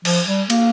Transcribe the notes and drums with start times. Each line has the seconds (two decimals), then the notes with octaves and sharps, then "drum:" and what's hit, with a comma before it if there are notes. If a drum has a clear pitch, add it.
0.05 F3, drum: cymbal
0.27 G3
0.50 A#3, drum: cymbal